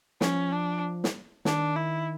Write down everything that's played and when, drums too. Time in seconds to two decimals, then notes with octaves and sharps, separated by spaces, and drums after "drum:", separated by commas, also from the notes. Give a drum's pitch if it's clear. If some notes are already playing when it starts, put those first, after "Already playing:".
0.21 F3 C#4, drum: snare
0.52 D4
1.04 drum: snare
1.45 D#3 D4, drum: snare
1.76 E4